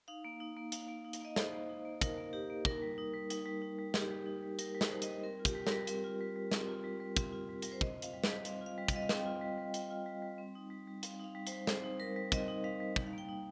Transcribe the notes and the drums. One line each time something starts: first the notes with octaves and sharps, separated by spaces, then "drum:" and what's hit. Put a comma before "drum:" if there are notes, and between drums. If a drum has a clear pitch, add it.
D#4 F5
A#3
D#4
A#3
D#4 F5, drum: hi-hat
A#3
D#4
F5, drum: hi-hat
A#3 D#5
D#4 C5, drum: snare
A#3
D#4
A#3
D#4 A#4, drum: kick, hi-hat
A#3
D#4 G4
A#3
D#4 A#4, drum: kick
G3
D#4
G3
D#4, drum: hi-hat
G3
D#4
G3
D#4 G4, drum: snare
G3
D#4
G3
D#4 A#4, drum: hi-hat
G3
C5, drum: snare
D#4
D#5, drum: hi-hat
G3
C4 A#4
F4
G4, drum: kick, hi-hat
G3
A#4, drum: snare
G3
C4 A#4, drum: hi-hat
F4
G3
G3
C4, drum: snare
F4
G3
G3
C4, drum: kick, hi-hat
F4
G3
G3 A#4, drum: hi-hat
C5
C4 D#5, drum: kick
F4
F5, drum: hi-hat
G3
D#5, drum: snare
G3
C4 F5, drum: hi-hat
F4
F5
G3
F5, drum: kick, hi-hat
G3 D#5
F5
C4 G5, drum: snare
F4
G3
G3
C4 G5, drum: hi-hat
F4
G3
G3
C4
D#4
G3
G3
C4 F5, drum: hi-hat
D#4 F5
G3
C5, drum: hi-hat
G3
C4 C5, drum: snare
D#4
G3 A#4
G3
C4 D#5, drum: kick, hi-hat
D#4
G3 F5
G3
D#4, drum: kick
F5
A#3 G5
D#4